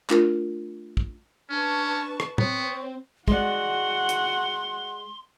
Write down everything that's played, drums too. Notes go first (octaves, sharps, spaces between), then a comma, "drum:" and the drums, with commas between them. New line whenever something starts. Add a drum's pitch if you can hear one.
A3 D4 F4 A#4, drum: clap
drum: kick
C#4 D4 B4 A5 C#6
drum: rim click
B3 C4 C#5, drum: tom
G#3 F#4 D5 F#5 C6, drum: kick
drum: hi-hat